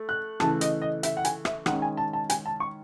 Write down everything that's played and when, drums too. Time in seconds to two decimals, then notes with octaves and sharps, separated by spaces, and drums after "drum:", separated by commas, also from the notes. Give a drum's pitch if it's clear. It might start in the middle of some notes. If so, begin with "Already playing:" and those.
Already playing: A3
0.09 F#6
0.40 C#3 E3 A3 A5, drum: rim click
0.61 D#5, drum: hi-hat
0.82 D#5
1.03 E5, drum: hi-hat
1.17 F#5
1.25 G#5, drum: hi-hat
1.45 E5, drum: rim click
1.66 D#3 G#3 C#4 F#5, drum: rim click
1.82 G#5
1.97 A5
2.13 A5
2.30 G#5, drum: hi-hat
2.46 A5
2.60 C#6